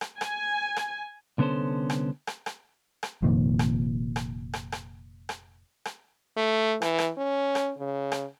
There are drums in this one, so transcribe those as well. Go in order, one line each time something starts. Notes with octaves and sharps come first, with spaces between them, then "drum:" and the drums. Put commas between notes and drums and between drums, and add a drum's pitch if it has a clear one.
drum: rim click
G#5, drum: rim click
drum: rim click
C2 D3 B3 C#4 A4 C5
drum: rim click
drum: rim click
drum: rim click
drum: rim click
F1 F2 A#2 D#3
drum: rim click
drum: rim click
drum: rim click
drum: rim click
drum: rim click
drum: rim click
A3
E3, drum: rim click
drum: rim click
C#4
drum: rim click
C#3
drum: rim click